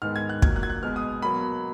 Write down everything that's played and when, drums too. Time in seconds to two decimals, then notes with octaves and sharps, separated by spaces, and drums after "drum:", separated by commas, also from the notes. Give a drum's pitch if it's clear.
0.02 G#2 D#3 G#3 B3 F6
0.16 G#6
0.29 F#6
0.42 A#2 F#3 A#3 G#6, drum: kick
0.56 F#6
0.63 G#6
0.70 F#6
0.83 B2 G#3 B3 F6
0.96 D#6
1.22 B2 F#3 A#3 B5